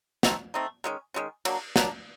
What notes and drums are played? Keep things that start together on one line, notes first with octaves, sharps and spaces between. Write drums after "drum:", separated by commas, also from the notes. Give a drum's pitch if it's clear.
A3 C4 D#4, drum: snare
A3 C4 D#4
D#3 G#3 C#4
D#3 G#3 C#4
F#3 A#3 D4, drum: cymbal
F#3 A#3 D4, drum: snare